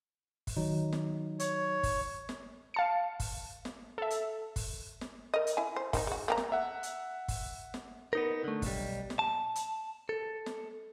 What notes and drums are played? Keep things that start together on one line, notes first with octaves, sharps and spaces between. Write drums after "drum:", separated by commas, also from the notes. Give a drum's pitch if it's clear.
drum: kick, open hi-hat
D#3 F#3 D#4
drum: snare
C#5, drum: hi-hat
drum: kick, open hi-hat
drum: snare
F5 A5 C#7
drum: kick, open hi-hat
drum: snare
A4 E5
drum: hi-hat
drum: kick, open hi-hat
drum: snare
A#4 D#5
drum: hi-hat
E4 G#5
C5
D#3 C4 D#4, drum: kick, open hi-hat
G#3 F#4
A#3 G4 A#5
drum: snare
E5 F#5
drum: hi-hat
drum: kick, open hi-hat
drum: snare
B3 D#4 A#4
D3 A3
B1 G3, drum: kick, open hi-hat
drum: snare
A5
drum: hi-hat
A4
drum: snare